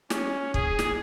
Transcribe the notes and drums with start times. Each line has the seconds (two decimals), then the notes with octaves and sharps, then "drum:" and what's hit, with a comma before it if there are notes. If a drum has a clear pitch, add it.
0.10 C#4, drum: snare
0.54 G#4, drum: kick
0.79 drum: snare